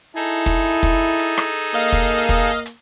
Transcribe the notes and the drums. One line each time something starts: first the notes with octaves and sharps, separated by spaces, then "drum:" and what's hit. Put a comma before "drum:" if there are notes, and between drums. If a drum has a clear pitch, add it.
D#4 E4 G#4 A4
drum: kick, hi-hat
drum: kick, hi-hat
drum: hi-hat
drum: rim click
A#3 D#5 F5
drum: kick, hi-hat
drum: kick, hi-hat
drum: hi-hat